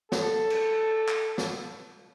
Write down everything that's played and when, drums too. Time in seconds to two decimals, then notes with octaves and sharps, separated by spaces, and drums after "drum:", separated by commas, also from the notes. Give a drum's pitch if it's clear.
0.12 A4, drum: snare
0.50 drum: cymbal
1.08 drum: clap
1.38 drum: snare